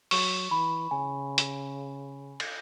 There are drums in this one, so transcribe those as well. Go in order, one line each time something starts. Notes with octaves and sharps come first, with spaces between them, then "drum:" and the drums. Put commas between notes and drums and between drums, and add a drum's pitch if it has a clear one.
F#3 C#6, drum: open hi-hat
E3 B5
C#3 G#5
drum: hi-hat
drum: cymbal